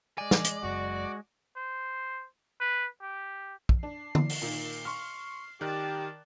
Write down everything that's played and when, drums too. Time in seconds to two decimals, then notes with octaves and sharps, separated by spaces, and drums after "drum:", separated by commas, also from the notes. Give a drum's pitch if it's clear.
0.18 G#3 D5 G#5
0.31 drum: snare
0.45 drum: hi-hat
0.63 F#1 F#2 F#4
1.56 C5
2.60 B4
3.02 G4
3.69 drum: kick
3.83 D4 C7
4.15 drum: tom D3
4.30 drum: open hi-hat
4.42 A#2 D#3
4.85 C6 C#6 F6
5.61 D#3 G4 A#4 D5 A5 F#6